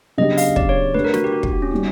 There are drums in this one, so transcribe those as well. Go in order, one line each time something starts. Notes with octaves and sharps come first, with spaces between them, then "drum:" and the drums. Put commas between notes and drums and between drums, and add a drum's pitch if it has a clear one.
C#3 F#3 B3 D4 G4 D#5
F5, drum: open hi-hat
D5, drum: kick
C#5
A3 D4 G4 B4
A#4
F#4, drum: snare
G4
F#4
G4, drum: kick
F#4
C#4
G3 B3 D#4